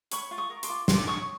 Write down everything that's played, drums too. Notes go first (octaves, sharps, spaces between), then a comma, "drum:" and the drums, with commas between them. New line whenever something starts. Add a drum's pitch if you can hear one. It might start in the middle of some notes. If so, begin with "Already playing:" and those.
C#5 B5 C#6, drum: hi-hat
F4
C#6 D#6
A#4
C6 D6, drum: hi-hat
F4
F4 C6 D6, drum: snare
C#5 C#6 D#6